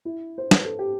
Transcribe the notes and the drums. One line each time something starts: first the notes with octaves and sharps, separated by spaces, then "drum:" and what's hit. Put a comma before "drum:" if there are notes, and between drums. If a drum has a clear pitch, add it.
E4
C5
B4, drum: snare
A4
G4